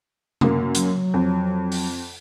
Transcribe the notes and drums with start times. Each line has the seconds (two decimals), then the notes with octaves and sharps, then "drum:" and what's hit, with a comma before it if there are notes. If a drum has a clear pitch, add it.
0.41 F#2 A#3, drum: tom C3
0.75 F#3, drum: hi-hat
1.14 F2
1.72 drum: open hi-hat